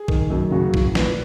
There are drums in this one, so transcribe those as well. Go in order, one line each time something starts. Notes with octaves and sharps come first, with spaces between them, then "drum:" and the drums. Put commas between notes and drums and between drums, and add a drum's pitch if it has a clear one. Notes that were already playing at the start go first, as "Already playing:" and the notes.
Already playing: G#4
D#3, drum: kick A#1
F#2
C#3 F#4
E3, drum: kick A#1
A#2 B4, drum: snare